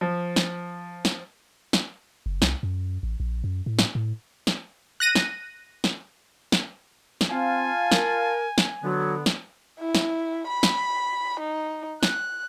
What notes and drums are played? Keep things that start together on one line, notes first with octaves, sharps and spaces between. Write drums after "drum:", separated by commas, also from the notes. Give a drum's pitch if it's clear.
F3
drum: snare
drum: snare
drum: snare
F#1
C2, drum: snare
F#2
A1
A#1
F#2
A2
drum: snare
A2
drum: snare
F#6 A#6 D#7
drum: snare
drum: snare
drum: snare
drum: snare
C4 F4 F5 G#5 A5
A#4, drum: snare
drum: snare
D3 F#3 B3
drum: snare
E4
drum: snare
B5
drum: snare
D#4
F#6, drum: snare